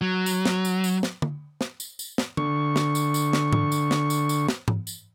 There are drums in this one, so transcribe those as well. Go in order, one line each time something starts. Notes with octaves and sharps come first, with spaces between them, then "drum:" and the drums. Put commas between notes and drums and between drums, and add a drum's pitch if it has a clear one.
F#3
drum: tambourine
drum: snare
drum: tambourine
drum: tambourine
drum: snare
drum: tom D3
drum: snare
drum: tambourine
drum: tambourine
drum: snare
D3 C#6, drum: tom
drum: snare
drum: tambourine
drum: tambourine
drum: snare
drum: tom G#2
drum: tambourine
drum: snare
drum: tambourine
drum: tambourine
drum: snare
drum: tom G#2
drum: tambourine